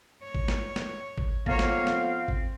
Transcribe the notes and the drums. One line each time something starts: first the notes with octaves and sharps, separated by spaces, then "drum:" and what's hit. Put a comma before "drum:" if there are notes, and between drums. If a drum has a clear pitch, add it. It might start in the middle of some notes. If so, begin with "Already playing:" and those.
C#5
drum: kick G#1
drum: snare
drum: snare
drum: kick G#1
F2 A#3 B3 C#5 F5, drum: kick G#1
drum: snare
C4, drum: snare
drum: kick G#1